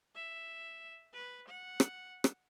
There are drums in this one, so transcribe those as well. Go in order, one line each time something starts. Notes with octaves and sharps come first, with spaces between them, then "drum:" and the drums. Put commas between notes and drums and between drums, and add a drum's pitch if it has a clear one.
E5
B4
F#5
drum: rim click
drum: rim click